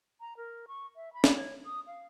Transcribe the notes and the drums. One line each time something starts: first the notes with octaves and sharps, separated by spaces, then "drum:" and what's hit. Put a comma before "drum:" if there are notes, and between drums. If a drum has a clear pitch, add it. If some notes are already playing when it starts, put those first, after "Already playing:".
A#5
A#4
C#6
E5
B5
drum: snare
C#5
D#6
F5